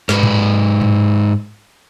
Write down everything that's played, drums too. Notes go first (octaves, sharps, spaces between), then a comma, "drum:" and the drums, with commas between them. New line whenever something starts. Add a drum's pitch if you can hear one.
G#2 B4, drum: snare
drum: tom G#2
drum: tom G#2